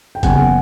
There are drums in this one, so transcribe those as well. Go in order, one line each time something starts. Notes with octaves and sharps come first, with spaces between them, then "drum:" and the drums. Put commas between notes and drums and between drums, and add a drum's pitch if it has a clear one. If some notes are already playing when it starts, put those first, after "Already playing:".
G5
F#1 E2 C#3 F#5 G#5, drum: kick G1, hi-hat